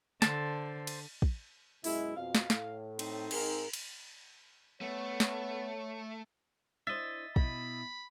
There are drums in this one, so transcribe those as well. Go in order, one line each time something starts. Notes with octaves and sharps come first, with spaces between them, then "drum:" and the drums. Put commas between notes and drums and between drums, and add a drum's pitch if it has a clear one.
D3 C5 A5, drum: snare
drum: cymbal
drum: kick
F#2 B2 G#3 E4, drum: open hi-hat
F2 B2 F5
drum: snare
A2, drum: snare
C4 D#4, drum: cymbal
G#2 G#4 A#4, drum: cymbal
drum: cymbal
A3 B3 C#5
drum: snare
D4 E4 C5 D#5 E5 A6
B2 E4 B5, drum: kick